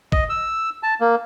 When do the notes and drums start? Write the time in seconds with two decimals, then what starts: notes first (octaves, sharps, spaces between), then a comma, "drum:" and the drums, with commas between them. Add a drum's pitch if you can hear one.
0.12 D#5, drum: kick
0.30 E6
0.83 A5
1.00 A#3